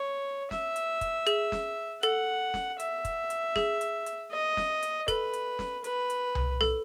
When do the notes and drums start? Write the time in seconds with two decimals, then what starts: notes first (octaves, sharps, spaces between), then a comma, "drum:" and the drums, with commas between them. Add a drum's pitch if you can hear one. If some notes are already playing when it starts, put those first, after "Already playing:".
Already playing: C#5
0.51 E5, drum: snare
0.76 drum: hi-hat
1.01 drum: kick, hi-hat
1.27 G#4, drum: hi-hat
1.52 drum: snare
2.03 A4 F#5, drum: hi-hat
2.54 drum: snare
2.80 E5, drum: hi-hat
3.05 drum: kick, hi-hat
3.30 drum: hi-hat
3.56 G#4, drum: snare
3.81 drum: hi-hat
4.06 drum: hi-hat
4.32 D#5
4.57 drum: snare
4.83 drum: hi-hat
5.08 A4 B4, drum: kick, hi-hat
5.33 drum: hi-hat
5.59 drum: snare
5.84 B4, drum: hi-hat
6.10 drum: hi-hat
6.35 drum: tom C2
6.61 A4, drum: snare